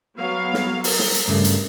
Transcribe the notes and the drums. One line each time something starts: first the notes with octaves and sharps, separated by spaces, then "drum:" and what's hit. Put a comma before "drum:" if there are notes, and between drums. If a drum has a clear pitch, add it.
F#3 B3 F5
drum: snare
A#4, drum: open hi-hat
drum: snare
drum: hi-hat
G2 C#3 A3
drum: hi-hat